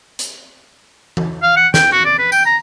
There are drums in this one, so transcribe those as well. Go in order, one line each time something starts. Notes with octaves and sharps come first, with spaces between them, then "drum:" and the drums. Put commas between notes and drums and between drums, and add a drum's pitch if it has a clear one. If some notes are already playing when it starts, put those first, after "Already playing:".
drum: hi-hat
drum: tom E3
F5
F#5
G5, drum: snare
F#4
D5
B4
G5, drum: tambourine
A#5